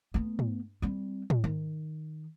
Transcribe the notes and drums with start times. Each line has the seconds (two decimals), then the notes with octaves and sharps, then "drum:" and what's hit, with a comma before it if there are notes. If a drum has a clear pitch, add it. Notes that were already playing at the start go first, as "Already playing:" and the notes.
0.14 A3 B3
0.39 drum: tom
0.82 G3 C4
1.30 drum: tom
1.44 D#3